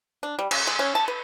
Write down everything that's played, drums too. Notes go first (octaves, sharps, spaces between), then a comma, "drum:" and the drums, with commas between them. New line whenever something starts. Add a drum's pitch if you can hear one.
D4
G3
C#3, drum: cymbal
G#3
C#4
A5
B4